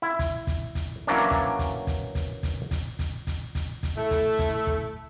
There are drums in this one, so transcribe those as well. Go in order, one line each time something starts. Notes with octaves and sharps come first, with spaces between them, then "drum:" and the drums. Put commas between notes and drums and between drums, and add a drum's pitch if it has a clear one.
E4
drum: kick, hi-hat
drum: kick, hi-hat
drum: kick, hi-hat
E3 F#3 A#3 C#4 D4
drum: kick, hi-hat
drum: kick, hi-hat
drum: kick, hi-hat
drum: kick, hi-hat
drum: kick, hi-hat
drum: kick, hi-hat
drum: kick, hi-hat
drum: kick, hi-hat
drum: kick, hi-hat
drum: kick, hi-hat
A3 E4
drum: kick, hi-hat
drum: kick, hi-hat
drum: kick